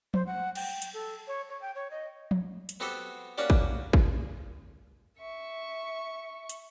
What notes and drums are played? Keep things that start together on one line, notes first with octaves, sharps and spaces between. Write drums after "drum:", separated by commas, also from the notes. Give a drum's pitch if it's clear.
C5, drum: tom F3
F#5
G5, drum: cymbal
drum: hi-hat
A4
C#5
C#5
G5
C#5
D#5
drum: tom F3
drum: hi-hat
B3 C4 F#4 G4 A4 C5
A#3 C#4 D4 F#4 G4 D5
drum: kick
drum: kick
E5 C#6
drum: hi-hat